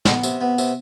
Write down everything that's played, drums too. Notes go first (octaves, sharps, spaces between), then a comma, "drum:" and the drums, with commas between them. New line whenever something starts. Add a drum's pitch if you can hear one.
B3, drum: snare
C3, drum: tambourine
B3
C3, drum: tambourine